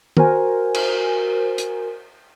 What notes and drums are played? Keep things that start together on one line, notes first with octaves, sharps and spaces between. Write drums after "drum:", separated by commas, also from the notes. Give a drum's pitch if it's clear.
F#4 A#4 C5 G#5, drum: tom
drum: cymbal
drum: hi-hat